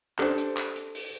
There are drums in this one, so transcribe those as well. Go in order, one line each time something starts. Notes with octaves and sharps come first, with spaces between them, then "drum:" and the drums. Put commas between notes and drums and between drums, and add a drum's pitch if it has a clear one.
D4 G4 A4 C5, drum: clap
drum: hi-hat
drum: clap
drum: hi-hat
drum: open hi-hat